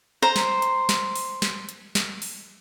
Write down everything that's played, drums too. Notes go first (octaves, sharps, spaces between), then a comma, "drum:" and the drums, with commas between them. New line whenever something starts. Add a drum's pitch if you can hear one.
C5 A#5
drum: snare
drum: hi-hat
drum: snare
drum: open hi-hat
drum: snare
drum: hi-hat
drum: snare
drum: open hi-hat